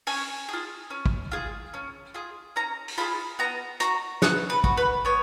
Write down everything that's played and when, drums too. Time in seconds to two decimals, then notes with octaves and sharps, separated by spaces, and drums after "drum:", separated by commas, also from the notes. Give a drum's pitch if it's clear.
0.07 C#4 G#5, drum: open hi-hat
0.49 F4 G#4
0.90 C#4
1.06 drum: kick
1.32 F4 G#4
1.74 C#4
2.14 F4 G#4
2.56 C#4 A#5
2.88 drum: open hi-hat
2.98 F4 G#4 B5
3.39 B3 A#5
3.80 F#4 A#5, drum: hi-hat
4.22 B3 F#5, drum: snare
4.50 B4
4.64 F#4, drum: kick
4.77 B4
5.05 B3 C#5